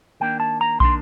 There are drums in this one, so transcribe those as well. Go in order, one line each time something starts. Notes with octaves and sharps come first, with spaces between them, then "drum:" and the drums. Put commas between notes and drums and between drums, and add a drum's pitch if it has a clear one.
D#3 A#3 D4 G5
A5
A#5
D#3 A#3 D4 C6, drum: kick